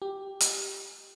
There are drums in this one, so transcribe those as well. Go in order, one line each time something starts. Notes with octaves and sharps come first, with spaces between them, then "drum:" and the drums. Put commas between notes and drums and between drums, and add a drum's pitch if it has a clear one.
G4
drum: hi-hat